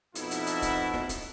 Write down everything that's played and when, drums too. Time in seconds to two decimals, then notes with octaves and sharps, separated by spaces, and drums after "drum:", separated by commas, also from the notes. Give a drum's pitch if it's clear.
0.15 F2 B2 D#4 E4, drum: hi-hat
0.31 drum: hi-hat
0.47 drum: hi-hat
0.62 drum: kick D1, hi-hat
0.94 drum: snare
1.09 drum: kick D1, hi-hat